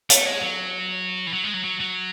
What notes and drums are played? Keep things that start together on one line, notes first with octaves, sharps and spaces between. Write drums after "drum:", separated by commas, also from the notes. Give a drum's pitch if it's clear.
A3, drum: hi-hat
G#3
F#3
E3
F#3
G#3
F#3
F#3
F#3